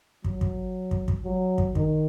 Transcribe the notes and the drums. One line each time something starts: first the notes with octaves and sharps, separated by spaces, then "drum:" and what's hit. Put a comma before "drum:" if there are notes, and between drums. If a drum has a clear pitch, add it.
F#3, drum: kick
drum: kick
drum: kick
drum: kick
F#3
drum: kick
D#3, drum: kick